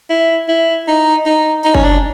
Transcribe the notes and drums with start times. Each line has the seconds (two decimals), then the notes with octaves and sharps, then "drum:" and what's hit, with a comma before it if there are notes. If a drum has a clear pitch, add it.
0.10 E4
0.48 E4
0.88 D#4
1.26 D#4
1.65 D#4
1.75 C#4, drum: kick F#1
1.84 D4